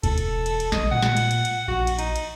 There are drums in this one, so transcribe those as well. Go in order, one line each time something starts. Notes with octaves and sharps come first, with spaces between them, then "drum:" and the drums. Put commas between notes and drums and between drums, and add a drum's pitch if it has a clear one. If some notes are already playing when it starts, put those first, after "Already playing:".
E1 A4, drum: kick C#2, cymbal
drum: cymbal
drum: cymbal
drum: cymbal
A#1 D#5, drum: snare
A#2 F#5
drum: snare
drum: cymbal
drum: cymbal
drum: cymbal
A#1 F#4
drum: cymbal
D#4, drum: cymbal
drum: cymbal